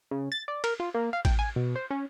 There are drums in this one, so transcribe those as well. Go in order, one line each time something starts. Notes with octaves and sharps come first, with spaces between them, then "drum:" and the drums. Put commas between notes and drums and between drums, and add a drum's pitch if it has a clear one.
C#3
A6
D5
A#4, drum: cymbal
F4
A#3
F5
G5, drum: kick A1, cymbal
G#5
B2
C5
C#4